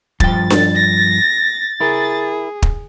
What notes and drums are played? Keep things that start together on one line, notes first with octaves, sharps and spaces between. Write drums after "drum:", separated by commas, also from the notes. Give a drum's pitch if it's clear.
G2 F3 G5 A6, drum: kick
drum: snare D4
A#6
E4 G#4 A#4
drum: kick